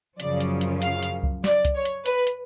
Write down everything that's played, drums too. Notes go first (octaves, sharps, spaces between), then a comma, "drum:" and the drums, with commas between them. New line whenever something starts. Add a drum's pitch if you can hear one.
F#2 C#3 F3 D5, drum: hi-hat
drum: hi-hat
drum: hi-hat
F5, drum: hi-hat
drum: hi-hat
drum: kick C2
D5, drum: snare
drum: kick C2, hi-hat
C#5
drum: hi-hat
B4, drum: hi-hat
drum: hi-hat